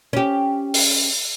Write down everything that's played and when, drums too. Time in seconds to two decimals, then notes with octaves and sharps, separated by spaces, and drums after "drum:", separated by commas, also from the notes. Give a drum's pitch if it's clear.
0.13 C#4 G4
0.74 drum: open hi-hat